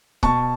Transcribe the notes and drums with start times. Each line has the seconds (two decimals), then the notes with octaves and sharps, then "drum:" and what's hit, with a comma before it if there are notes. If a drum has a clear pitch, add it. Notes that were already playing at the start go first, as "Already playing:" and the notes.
0.23 B2 A5 C#6, drum: kick C#1